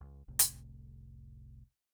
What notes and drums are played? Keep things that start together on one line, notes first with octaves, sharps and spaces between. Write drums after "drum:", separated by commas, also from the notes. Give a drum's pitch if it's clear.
C#2
F1 C2 A2 C3
drum: hi-hat